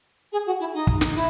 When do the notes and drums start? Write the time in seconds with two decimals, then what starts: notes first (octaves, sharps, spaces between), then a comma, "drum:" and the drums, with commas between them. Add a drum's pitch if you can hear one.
0.32 G#4
0.46 F#4
0.60 E4
0.74 D#4
0.87 drum: kick
1.01 drum: snare
1.15 E4